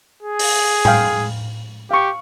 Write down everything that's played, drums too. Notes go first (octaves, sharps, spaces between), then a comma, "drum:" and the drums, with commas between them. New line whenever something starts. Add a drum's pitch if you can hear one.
G#4
drum: open hi-hat
F5 G5 G#5, drum: tom A2
G4 F5 C#6